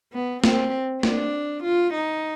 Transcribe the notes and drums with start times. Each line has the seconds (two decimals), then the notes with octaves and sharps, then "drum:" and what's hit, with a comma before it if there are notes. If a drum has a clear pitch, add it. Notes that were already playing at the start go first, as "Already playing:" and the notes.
0.13 B3
0.44 C4, drum: snare
1.03 D4, drum: snare
1.64 F4
1.93 D#4